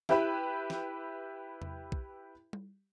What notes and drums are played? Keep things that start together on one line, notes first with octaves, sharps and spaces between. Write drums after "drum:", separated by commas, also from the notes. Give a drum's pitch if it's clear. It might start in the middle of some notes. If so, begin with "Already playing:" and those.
E4 G4 B4 E5 B5, drum: snare
drum: snare
drum: tom E2
drum: kick
drum: tom G3